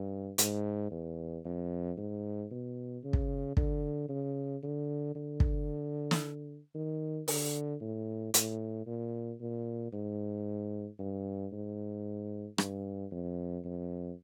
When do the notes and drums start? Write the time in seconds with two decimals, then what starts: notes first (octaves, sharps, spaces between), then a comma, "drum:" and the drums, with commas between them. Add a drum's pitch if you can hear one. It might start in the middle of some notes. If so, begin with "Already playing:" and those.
Already playing: G2
0.38 G#2, drum: hi-hat
0.91 E2
1.45 F2
1.97 G#2
2.51 B2
3.04 C#3
3.13 drum: kick
3.57 D3, drum: kick
4.09 C#3
4.63 D3
5.15 D3
5.40 drum: kick
6.11 drum: snare
6.75 D#3
7.28 D3, drum: open hi-hat
7.81 A2
8.34 A2, drum: hi-hat
8.86 A#2
9.41 A#2
9.92 G#2
10.99 G2
11.53 G#2
12.58 G2, drum: rim click
13.11 F2
13.65 F2